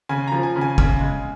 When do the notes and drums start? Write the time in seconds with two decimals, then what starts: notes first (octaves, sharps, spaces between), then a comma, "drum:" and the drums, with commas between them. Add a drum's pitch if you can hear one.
0.09 C#3 G#5
0.27 F3 A#5
0.43 G#5
0.56 C#3
0.61 G#5
0.78 C#3, drum: kick
1.00 G#3